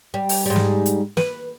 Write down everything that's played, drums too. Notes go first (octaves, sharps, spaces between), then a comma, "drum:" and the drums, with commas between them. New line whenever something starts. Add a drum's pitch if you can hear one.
G3
drum: open hi-hat
G#2 G3
drum: snare
drum: hi-hat
B4, drum: snare